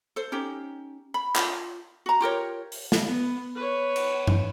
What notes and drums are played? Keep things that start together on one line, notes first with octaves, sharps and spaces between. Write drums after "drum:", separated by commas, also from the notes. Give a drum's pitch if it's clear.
A4 C5
C#4 D#4 G4
B5
F4, drum: clap
F#4 A#5
F4 G4 A#4 C#5
drum: open hi-hat
drum: snare
B3
B4 C#5
drum: cymbal
drum: tom G2